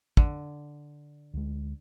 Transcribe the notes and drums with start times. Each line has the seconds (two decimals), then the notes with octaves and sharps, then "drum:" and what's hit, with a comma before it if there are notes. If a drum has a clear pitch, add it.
0.17 D3, drum: kick
1.34 D2 G#3